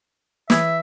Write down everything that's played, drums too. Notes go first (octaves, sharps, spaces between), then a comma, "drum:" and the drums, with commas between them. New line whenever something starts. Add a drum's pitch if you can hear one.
E3 G#4 E5, drum: snare